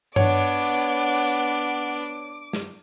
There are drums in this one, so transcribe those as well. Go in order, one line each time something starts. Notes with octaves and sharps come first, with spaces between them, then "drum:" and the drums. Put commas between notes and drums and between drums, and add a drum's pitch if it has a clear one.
B3 D4 C#5 F#5 D6, drum: tom G2
drum: hi-hat
drum: snare